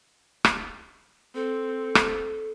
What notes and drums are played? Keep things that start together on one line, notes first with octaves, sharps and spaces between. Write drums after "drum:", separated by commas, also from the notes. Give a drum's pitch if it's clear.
drum: rim click
C4 A4
drum: rim click